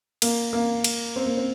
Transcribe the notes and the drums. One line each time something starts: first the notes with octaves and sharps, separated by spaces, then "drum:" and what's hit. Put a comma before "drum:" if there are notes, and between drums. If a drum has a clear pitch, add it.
A#3, drum: cymbal
A#3
drum: cymbal
C4
A#3
C4